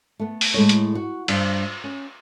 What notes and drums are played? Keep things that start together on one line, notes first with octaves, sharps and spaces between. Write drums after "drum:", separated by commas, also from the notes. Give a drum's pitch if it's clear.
A3 B3
drum: open hi-hat
A2 G#3 A4 C#5
drum: hi-hat
F#4
G2 C5 F5, drum: cymbal
C#4